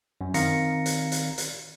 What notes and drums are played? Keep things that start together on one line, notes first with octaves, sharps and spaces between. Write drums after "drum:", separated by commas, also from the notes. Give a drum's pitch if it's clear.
F#2
D#3 C4 F5 A#5 A#6 C#7, drum: hi-hat
drum: hi-hat
drum: hi-hat
drum: hi-hat